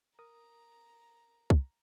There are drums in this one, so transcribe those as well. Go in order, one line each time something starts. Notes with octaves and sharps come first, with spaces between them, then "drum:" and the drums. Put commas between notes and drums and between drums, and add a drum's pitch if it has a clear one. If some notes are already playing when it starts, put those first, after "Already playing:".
A#4 A#5 D#6
drum: kick